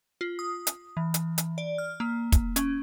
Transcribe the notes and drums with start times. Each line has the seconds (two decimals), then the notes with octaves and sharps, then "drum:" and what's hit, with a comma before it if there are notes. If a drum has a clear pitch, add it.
0.21 F4
0.39 D#6
0.67 drum: hi-hat
0.97 E3
1.14 drum: hi-hat
1.38 drum: hi-hat
1.58 D5
1.78 F6
2.00 A#3
2.32 drum: kick, hi-hat
2.56 C#4, drum: hi-hat